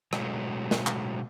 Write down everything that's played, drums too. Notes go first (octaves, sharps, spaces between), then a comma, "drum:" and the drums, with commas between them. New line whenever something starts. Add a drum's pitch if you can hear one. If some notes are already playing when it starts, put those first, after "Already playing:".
B2 F#3 G#3 A3, drum: rim click
drum: snare
drum: clap